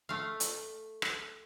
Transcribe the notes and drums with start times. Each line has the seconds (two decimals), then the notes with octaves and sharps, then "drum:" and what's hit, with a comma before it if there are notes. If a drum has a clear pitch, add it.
0.09 A3 F5
0.40 drum: hi-hat
1.02 drum: rim click